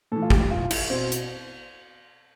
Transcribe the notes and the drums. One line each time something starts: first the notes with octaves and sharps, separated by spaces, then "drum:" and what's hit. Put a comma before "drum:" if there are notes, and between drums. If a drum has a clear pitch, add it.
A2 E3 A4
F4
G4, drum: kick
F4
E4, drum: cymbal
B2 C4
drum: hi-hat